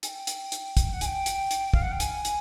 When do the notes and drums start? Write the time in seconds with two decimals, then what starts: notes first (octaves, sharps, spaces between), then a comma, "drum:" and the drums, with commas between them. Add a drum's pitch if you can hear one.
0.03 G#5, drum: hi-hat
0.07 G5
0.27 drum: hi-hat
0.52 drum: hi-hat
0.77 drum: kick, hi-hat
0.93 F#5
1.01 G#5, drum: hi-hat
1.05 G5
1.26 drum: hi-hat
1.51 drum: hi-hat
1.74 F5, drum: kick
1.82 F#5
1.91 G5
2.00 G#5, drum: hi-hat
2.25 drum: hi-hat